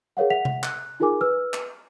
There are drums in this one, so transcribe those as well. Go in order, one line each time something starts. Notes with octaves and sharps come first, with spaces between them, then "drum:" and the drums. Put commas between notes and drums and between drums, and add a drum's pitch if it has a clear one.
G#4 A#4 C#5 F5 F#5
E5 F#5 B6 F7
drum: tom C3
F#6, drum: clap
D#4 F4 G#4 A#4 G#5 D6
B4 E6 F6
drum: clap